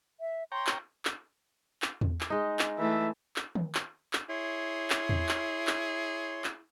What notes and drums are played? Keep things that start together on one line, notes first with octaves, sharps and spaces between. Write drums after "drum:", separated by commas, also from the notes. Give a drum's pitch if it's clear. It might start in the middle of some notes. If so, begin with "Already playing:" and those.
E5
C#5 G5 A#5 C6
drum: clap
drum: clap
drum: clap
drum: tom E2
drum: clap
G#3 D#4
drum: clap
E3 A3 E5
drum: clap
drum: tom D#3
drum: clap
drum: clap
E4 G#4 C#5 C6
drum: clap
drum: tom E2
drum: clap
drum: clap
drum: clap